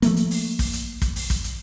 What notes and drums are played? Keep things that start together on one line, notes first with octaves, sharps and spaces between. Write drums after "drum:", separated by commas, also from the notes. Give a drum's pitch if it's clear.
F3 A3 A#3, drum: hi-hat
drum: hi-hat
drum: open hi-hat
drum: kick, open hi-hat
drum: hi-hat
drum: kick, hi-hat
drum: open hi-hat
drum: kick, hi-hat
drum: hi-hat